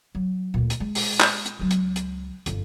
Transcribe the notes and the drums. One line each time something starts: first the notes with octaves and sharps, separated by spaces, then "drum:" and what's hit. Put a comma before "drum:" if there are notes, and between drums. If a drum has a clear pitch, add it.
F#3
D2 A#2
drum: hi-hat
G#3
drum: open hi-hat
drum: clap
drum: hi-hat
C#2 F#3
drum: hi-hat
drum: hi-hat
G1 F2, drum: hi-hat